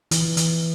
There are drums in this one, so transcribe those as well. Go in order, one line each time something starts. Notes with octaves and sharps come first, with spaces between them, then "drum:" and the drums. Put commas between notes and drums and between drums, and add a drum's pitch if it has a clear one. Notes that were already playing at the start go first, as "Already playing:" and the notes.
E3, drum: hi-hat
E3, drum: hi-hat